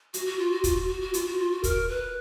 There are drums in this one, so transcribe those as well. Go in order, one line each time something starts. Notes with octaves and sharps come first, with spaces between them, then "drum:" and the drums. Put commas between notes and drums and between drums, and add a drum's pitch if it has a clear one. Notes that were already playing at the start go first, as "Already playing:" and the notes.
F#4, drum: hi-hat
F#4
F4
F#4
F4, drum: kick, hi-hat
F#4
F#4
F#4
F4, drum: hi-hat
F#4
F4
F#4
A#4, drum: kick, hi-hat
B4